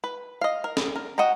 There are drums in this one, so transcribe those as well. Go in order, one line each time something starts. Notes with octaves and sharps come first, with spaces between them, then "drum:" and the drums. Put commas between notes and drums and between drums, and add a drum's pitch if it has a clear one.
B4
D#5 F5
A#4
drum: snare
A#4
F#4 D#5 F#5 G5 A#5